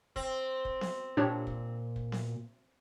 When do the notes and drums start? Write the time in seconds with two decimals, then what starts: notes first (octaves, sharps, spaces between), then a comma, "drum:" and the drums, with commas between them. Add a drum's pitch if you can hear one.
0.16 C4, drum: kick
0.65 drum: kick
0.81 drum: snare B3
1.17 A#2 D4 G4 C#5
1.47 drum: kick
1.96 drum: kick
2.12 drum: snare B3